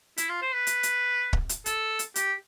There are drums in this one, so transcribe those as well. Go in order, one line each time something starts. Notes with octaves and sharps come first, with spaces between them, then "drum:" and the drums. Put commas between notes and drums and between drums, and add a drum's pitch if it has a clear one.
E4, drum: hi-hat
F4
C5
B4
drum: hi-hat
drum: hi-hat
drum: kick
drum: hi-hat
A4, drum: hi-hat
drum: hi-hat
G4, drum: hi-hat